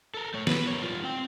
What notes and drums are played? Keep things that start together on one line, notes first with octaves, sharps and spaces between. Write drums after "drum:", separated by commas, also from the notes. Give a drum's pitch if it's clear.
A4 A#4
A3 C#5
B4, drum: snare
A#4 C#5
G3 F4
C4 G5